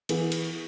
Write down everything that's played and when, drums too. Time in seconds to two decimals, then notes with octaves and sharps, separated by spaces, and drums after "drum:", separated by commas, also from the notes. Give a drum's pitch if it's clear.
0.09 E3 B3 E4 G#4, drum: cymbal
0.32 drum: cymbal